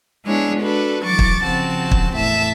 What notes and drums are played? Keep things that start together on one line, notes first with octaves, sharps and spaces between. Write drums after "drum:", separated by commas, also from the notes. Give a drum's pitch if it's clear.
G#3 B3 D4 E4 G#4 C#5
D4 F#4 A4 B4
E3 F#3 C#6 D6 A6
drum: kick
C#3 F3 C4 F#4 A5
drum: kick
E2 A2 E5 A5